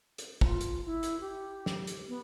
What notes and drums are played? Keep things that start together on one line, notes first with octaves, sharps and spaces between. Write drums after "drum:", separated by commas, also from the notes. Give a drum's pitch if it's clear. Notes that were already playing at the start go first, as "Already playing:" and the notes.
drum: hi-hat
F4, drum: kick
drum: hi-hat
E4
drum: hi-hat
G4
drum: snare
drum: hi-hat
B3